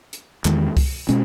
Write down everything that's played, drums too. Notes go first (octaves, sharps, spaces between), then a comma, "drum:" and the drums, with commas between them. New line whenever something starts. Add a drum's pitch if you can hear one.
drum: hi-hat
E2 D#3 G#3, drum: clap
drum: kick C2, open hi-hat
B2 G#3 C#4, drum: hi-hat